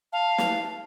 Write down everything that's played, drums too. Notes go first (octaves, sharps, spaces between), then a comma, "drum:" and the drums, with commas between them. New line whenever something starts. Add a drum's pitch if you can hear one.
F5 A5
drum: snare